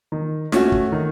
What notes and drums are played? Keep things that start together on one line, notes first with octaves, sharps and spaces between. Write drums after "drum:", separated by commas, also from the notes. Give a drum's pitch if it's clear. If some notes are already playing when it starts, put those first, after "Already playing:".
D#3
A3 C#4 F#4, drum: snare
drum: kick
D#3